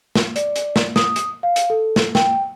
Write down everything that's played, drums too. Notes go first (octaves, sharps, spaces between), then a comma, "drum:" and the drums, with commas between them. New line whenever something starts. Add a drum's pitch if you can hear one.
drum: snare
D5, drum: hi-hat
drum: hi-hat
drum: snare
D#6, drum: snare
drum: hi-hat
F5
drum: hi-hat
A4
drum: snare
G5, drum: snare